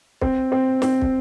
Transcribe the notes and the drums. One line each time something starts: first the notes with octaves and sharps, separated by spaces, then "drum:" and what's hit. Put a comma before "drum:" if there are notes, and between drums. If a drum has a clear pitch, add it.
C4, drum: kick
C4
C4, drum: snare
drum: kick